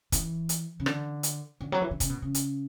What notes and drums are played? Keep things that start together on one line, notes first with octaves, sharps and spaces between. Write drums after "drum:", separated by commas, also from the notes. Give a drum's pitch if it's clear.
E3, drum: kick, hi-hat
drum: hi-hat
C#3
D3, drum: rim click
drum: hi-hat
D3
F#3
E3
D3
C#3, drum: kick, hi-hat
B2
C#3
drum: hi-hat